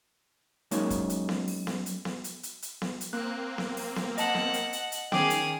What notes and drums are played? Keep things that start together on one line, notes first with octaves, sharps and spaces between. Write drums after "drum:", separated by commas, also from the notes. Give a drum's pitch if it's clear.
F#2 G#3 A#3 D#4 C#5, drum: hi-hat
drum: kick, hi-hat
drum: hi-hat
drum: snare B3
drum: open hi-hat
drum: snare B3
drum: hi-hat
drum: snare B3
drum: hi-hat
drum: hi-hat
drum: hi-hat
drum: snare B3
drum: hi-hat
A#3 C4 F#6
drum: snare B3
drum: open hi-hat
drum: snare B3
D#5 F#5 A5, drum: hi-hat
drum: snare B3
drum: hi-hat
drum: hi-hat
drum: hi-hat
D#3 C#4 G#4 G5 D6, drum: snare B3
drum: hi-hat